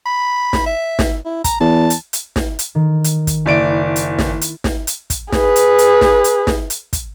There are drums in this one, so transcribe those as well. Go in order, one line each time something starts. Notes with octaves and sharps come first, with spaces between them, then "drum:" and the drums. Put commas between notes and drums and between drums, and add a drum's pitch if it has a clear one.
B5
drum: snare
E5
drum: snare
E4
A#5, drum: kick, hi-hat
E2 A5
drum: hi-hat
drum: hi-hat
drum: snare
drum: hi-hat
D#3
drum: hi-hat
drum: kick, hi-hat
F#1 E4 D5 E5 D7
drum: hi-hat
drum: snare
drum: hi-hat
drum: snare
drum: hi-hat
drum: kick, hi-hat
G#4 B4, drum: snare
drum: hi-hat
drum: hi-hat
drum: snare
drum: hi-hat
drum: snare
drum: hi-hat
drum: kick, hi-hat